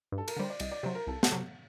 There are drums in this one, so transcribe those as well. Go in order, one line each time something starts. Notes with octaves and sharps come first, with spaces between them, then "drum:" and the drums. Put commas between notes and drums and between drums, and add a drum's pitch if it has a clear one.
G2
A4
A#4, drum: cymbal
D3 G3 C5
D5
C2 D#5, drum: cymbal
D5
C3 F#3 C5
A#4
C2 A4
A4, drum: snare
C3 F#3